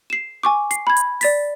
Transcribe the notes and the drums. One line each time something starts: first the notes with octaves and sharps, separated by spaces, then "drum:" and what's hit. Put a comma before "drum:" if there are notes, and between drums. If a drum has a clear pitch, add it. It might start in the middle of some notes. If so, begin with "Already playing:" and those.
C7 E7
G#5 C#6 D6
C7, drum: hi-hat
B5 G#6
drum: hi-hat
D5 A6 B6, drum: open hi-hat